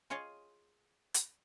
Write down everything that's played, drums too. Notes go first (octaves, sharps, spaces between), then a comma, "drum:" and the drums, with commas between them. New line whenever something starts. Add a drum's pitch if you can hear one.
F4 G#4 C#5 D#5 F5
drum: hi-hat